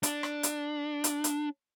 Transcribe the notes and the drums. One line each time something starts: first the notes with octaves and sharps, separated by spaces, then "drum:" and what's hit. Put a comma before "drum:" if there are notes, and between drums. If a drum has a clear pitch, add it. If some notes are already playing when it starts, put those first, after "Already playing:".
D4, drum: hi-hat
drum: rim click
drum: hi-hat
drum: hi-hat
drum: hi-hat